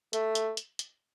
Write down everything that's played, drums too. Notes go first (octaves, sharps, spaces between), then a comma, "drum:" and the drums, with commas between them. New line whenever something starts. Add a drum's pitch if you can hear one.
A3, drum: hi-hat
drum: hi-hat
drum: hi-hat
drum: hi-hat